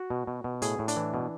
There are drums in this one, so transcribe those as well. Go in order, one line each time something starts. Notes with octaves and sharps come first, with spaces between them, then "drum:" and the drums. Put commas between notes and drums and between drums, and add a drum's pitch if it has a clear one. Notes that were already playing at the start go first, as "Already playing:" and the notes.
Already playing: F#4
B2
B2
B2
A2 G#4, drum: hi-hat
A2
D4, drum: hi-hat
E3
B2